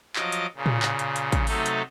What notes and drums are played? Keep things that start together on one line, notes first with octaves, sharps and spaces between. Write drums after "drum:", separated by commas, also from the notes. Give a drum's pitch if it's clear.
F3 F#3 D#5 D6, drum: clap
drum: hi-hat
A#2 C#3
drum: tom A2
drum: clap
drum: hi-hat
drum: hi-hat
drum: kick, hi-hat
C3 F#3 A3 D#4 A4, drum: open hi-hat
drum: hi-hat